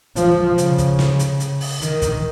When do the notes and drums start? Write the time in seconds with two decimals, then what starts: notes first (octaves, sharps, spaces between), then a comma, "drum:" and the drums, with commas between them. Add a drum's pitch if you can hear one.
0.16 F3, drum: hi-hat
0.58 C#3, drum: hi-hat
0.78 drum: kick, hi-hat
0.99 drum: snare
1.19 drum: hi-hat
1.40 drum: hi-hat
1.60 drum: open hi-hat
1.82 D#3, drum: hi-hat
2.02 drum: kick, hi-hat